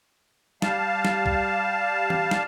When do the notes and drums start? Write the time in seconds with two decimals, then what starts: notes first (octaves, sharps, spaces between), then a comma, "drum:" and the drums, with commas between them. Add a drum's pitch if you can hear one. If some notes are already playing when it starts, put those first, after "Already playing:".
0.62 G3 F5 A5, drum: snare
1.05 drum: snare
1.26 drum: kick C2
2.10 drum: tom E3
2.31 drum: snare